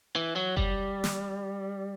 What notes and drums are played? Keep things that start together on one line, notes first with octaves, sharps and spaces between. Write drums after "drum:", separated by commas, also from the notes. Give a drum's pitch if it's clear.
E3
F#3
G3, drum: kick F#1
drum: snare